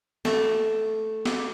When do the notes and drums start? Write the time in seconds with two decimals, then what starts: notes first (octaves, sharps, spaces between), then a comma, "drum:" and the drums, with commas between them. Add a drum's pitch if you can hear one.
0.25 A3, drum: snare
1.25 drum: snare